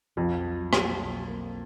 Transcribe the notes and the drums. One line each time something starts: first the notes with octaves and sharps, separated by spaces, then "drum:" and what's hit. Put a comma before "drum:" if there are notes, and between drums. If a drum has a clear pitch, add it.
B1 F2 F3
F#3
A#3, drum: rim click
B1
A#3